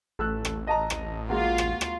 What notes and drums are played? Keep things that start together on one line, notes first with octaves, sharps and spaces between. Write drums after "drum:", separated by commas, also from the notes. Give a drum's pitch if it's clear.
A1 A3 E6 F#6
drum: rim click
D#5 A5 A#5
drum: rim click
G#3 A#3 F4 F#4
drum: rim click
drum: rim click